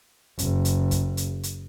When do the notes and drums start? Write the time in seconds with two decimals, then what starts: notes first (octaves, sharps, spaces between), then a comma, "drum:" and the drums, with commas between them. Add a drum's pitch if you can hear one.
0.39 F#1, drum: hi-hat
0.65 drum: hi-hat
0.91 drum: kick, hi-hat
1.17 drum: hi-hat
1.43 drum: hi-hat